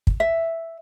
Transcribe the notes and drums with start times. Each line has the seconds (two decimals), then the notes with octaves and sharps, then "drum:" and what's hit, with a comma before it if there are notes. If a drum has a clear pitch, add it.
0.07 drum: kick
0.20 E5